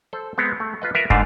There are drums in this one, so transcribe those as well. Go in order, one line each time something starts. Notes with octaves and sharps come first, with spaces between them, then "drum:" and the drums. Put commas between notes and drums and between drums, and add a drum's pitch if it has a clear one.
A4 C5
G#3 B3 C4
A3
F4 B4 D#5
F4 A#4 B4 E5
G#2 D3 A3 D4 F4, drum: kick